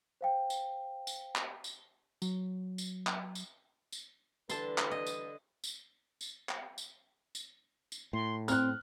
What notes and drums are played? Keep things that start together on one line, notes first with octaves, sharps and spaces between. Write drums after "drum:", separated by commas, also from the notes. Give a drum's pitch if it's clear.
C5 F5 G5
drum: tambourine
drum: tambourine
drum: clap
drum: tambourine
F#3, drum: tambourine
drum: tambourine
drum: clap
drum: tambourine
drum: tambourine
D3 E3 G3 B4 A5 C6, drum: tambourine
drum: clap
D#5
drum: tambourine
drum: tambourine
drum: tambourine
drum: clap
drum: tambourine
drum: tambourine
drum: tambourine
A2 C6
C4 F6 F#6, drum: tambourine